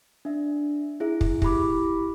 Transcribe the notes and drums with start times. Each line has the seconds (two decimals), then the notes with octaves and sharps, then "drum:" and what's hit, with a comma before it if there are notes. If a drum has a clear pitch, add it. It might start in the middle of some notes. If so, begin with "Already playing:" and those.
0.25 D4 E5
1.00 E4 G#4 E5
1.21 drum: kick
1.42 E4 G4 B5 D6, drum: kick